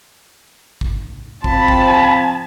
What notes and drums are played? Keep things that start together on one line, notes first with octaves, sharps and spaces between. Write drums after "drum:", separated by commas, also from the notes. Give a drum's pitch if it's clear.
drum: kick
F3 C4 A5 B5, drum: kick
drum: kick